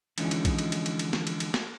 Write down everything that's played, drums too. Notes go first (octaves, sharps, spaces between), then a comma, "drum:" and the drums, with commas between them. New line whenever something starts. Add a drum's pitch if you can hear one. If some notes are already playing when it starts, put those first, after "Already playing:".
D3 E3 F3 G#3 C#4 D#4, drum: cymbal
drum: cymbal
drum: kick, cymbal
drum: cymbal
drum: cymbal
drum: cymbal
drum: cymbal
drum: snare
drum: cymbal
drum: cymbal
drum: snare